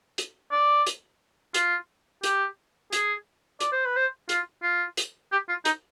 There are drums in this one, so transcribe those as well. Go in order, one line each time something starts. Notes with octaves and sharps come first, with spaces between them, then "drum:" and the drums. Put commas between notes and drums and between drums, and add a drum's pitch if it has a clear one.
drum: hi-hat
D5
drum: hi-hat
F4, drum: hi-hat
G4, drum: hi-hat
G#4, drum: hi-hat
D5, drum: hi-hat
C5
B4
C5
F4, drum: hi-hat
F4
drum: hi-hat
G4
F4
D#4, drum: hi-hat